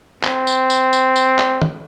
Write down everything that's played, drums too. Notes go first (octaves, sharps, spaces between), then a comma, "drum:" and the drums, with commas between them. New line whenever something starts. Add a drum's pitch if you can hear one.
C4, drum: clap
drum: tambourine
drum: tambourine
drum: tambourine
drum: tambourine
drum: clap
drum: tom